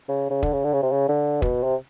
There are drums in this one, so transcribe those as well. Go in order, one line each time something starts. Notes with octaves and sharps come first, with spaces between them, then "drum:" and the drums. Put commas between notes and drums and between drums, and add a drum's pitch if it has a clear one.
C#3
C#3
D3, drum: kick
C#3
D3
C#3
C3
C#3
D3
B2, drum: kick
C3